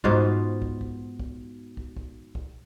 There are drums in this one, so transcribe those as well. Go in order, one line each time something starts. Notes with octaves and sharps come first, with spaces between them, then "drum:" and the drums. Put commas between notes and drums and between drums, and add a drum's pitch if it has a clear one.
G#2 B2 B3 F4, drum: kick
drum: kick
drum: kick
drum: kick
drum: kick
drum: kick
drum: kick